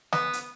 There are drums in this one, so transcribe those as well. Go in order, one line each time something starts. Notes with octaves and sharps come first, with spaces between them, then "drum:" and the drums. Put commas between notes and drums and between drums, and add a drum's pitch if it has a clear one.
B3, drum: snare
drum: hi-hat